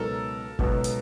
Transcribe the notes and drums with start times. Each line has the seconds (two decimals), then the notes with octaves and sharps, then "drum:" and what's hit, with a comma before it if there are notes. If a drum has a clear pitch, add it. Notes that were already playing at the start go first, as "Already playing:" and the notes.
Already playing: C#2 B2 F#3 B3 D#4 A4 A#4
0.59 C#2 B2 F#3 B3 D#4, drum: kick G1
0.84 drum: hi-hat